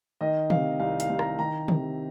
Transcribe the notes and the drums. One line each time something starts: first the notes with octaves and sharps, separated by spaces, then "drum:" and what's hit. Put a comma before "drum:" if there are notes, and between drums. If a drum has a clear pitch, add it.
D#3 D#5
C3 F5, drum: tom
C2 F5
F5, drum: hi-hat
C2
A#5, drum: rim click
D#3 A#5
C3, drum: tom